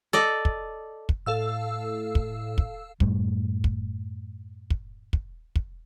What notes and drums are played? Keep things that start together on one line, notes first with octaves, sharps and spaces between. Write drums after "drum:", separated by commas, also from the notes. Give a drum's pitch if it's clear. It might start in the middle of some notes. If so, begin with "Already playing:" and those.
A4 D5 D#5
drum: kick
drum: kick
A2 A4 F5 E6
drum: kick
drum: kick
F#2 A2 G3 A3, drum: kick
drum: kick
drum: kick
drum: kick
drum: kick